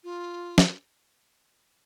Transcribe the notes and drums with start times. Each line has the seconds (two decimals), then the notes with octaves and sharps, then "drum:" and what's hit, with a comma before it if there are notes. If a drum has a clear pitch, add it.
0.04 F4
0.58 drum: snare